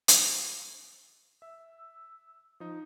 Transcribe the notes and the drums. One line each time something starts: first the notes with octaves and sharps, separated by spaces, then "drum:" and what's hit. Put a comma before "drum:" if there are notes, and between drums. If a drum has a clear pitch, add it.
drum: hi-hat
E5 E6
F3 D#4 D#6